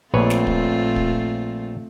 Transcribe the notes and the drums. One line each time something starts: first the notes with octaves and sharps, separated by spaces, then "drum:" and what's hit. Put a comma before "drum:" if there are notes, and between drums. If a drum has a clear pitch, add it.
A#1 A3 C4 F4 B4 C#5
drum: snare
drum: kick
drum: kick